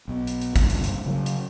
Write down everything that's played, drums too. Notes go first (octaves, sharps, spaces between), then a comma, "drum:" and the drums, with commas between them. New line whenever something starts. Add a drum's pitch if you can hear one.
B1 B2
drum: hi-hat
drum: hi-hat
F#1 D2 G2 A#2, drum: kick G#1, hi-hat
drum: hi-hat
drum: hi-hat
C#3 F3 F#3
drum: hi-hat